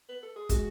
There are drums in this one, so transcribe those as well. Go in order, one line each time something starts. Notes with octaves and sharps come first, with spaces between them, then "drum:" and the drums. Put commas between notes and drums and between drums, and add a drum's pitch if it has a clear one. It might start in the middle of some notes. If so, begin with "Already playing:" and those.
B4
A4
G#4
G#3 F#4, drum: kick, hi-hat